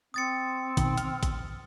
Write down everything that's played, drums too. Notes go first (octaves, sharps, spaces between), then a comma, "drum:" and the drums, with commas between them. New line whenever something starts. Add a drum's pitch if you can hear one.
C4 D#6 A6 C#7
B2 D#3, drum: kick A1, hi-hat
F6, drum: hi-hat
drum: kick A1, hi-hat